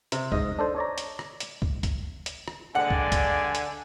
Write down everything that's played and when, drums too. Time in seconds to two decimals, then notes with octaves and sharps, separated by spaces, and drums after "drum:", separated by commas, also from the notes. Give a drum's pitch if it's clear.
0.12 C3, drum: hi-hat
0.32 G#2 D#5, drum: kick
0.59 D4 A4 C5
0.76 C#5 D5 A#5
0.98 drum: hi-hat
1.19 drum: rim click
1.40 drum: hi-hat
1.62 drum: kick
1.83 drum: kick, hi-hat
2.26 drum: hi-hat
2.48 drum: rim click
2.75 G2 D3 G#3 D5 F#5 G#5
2.90 drum: kick
3.12 drum: kick, hi-hat
3.55 drum: hi-hat